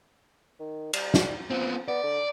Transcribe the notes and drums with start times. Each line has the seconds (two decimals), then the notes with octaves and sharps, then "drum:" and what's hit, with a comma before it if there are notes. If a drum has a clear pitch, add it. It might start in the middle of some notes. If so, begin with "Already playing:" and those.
0.60 D#3
0.93 G3, drum: cymbal
1.14 drum: snare
1.50 F3 B3 C4
1.88 B3 D5
2.04 D3